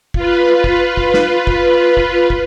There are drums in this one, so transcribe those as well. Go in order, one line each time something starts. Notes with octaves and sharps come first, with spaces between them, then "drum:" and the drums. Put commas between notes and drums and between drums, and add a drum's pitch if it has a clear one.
F4 B4, drum: kick
drum: kick
drum: kick
drum: snare
drum: kick
drum: kick
drum: kick